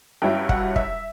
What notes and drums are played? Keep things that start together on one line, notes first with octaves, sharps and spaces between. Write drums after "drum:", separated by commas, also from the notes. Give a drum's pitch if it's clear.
G2 F#3 C#4 E4 G5
F#5, drum: kick
E5, drum: kick